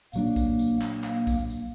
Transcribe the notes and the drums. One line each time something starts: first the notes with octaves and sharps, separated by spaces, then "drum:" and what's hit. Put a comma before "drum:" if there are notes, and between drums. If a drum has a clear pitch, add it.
A#2 F#3 A#3 D4, drum: tambourine
drum: kick, tambourine
drum: tambourine
drum: clap
A#3, drum: clap
drum: kick, tambourine
drum: tambourine